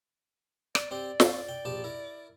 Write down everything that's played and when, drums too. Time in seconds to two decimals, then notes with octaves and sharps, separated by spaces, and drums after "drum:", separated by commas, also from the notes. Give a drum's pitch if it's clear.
0.75 D5, drum: rim click
0.91 C4 G4 D5 G5
1.20 C4 F4 C#6, drum: snare
1.49 G5
1.65 A#1 G4 A5
1.84 E4 A#4